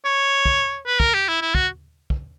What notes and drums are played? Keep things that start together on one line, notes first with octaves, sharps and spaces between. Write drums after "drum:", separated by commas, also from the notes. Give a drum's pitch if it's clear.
C#5
drum: kick
B4
A#4, drum: kick
G4
E4
E4
F#4, drum: kick
drum: kick